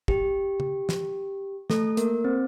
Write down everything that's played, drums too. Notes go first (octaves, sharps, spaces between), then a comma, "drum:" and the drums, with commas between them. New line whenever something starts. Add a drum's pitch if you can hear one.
G4, drum: kick
drum: tom
drum: snare
A3 A4, drum: snare
A#3 A#4, drum: hi-hat
C4 C5